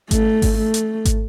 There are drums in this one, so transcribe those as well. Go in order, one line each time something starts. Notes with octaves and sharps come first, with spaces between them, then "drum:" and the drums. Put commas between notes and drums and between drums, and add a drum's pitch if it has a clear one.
A3, drum: kick G#1, hi-hat
drum: kick G#1, open hi-hat
A3
drum: hi-hat
drum: kick G#1, hi-hat